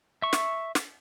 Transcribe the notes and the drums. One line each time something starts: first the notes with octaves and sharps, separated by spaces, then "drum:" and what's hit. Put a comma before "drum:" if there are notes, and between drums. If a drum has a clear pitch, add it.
E5 C#6
drum: snare
drum: snare